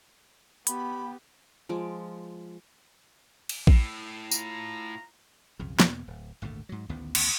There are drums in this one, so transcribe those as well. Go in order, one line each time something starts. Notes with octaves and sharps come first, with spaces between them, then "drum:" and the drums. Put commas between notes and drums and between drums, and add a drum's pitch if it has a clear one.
B3 G4 B5, drum: hi-hat
F3 G#3 D6
drum: cymbal
A2, drum: kick A#1
F4 A#5, drum: tambourine
B1 F2 C#3
E2 B2 A#3 B3, drum: snare
D1
G#1 D2 A#2 A3
G#2 F#3
A1 D2 D#3 B3
drum: cymbal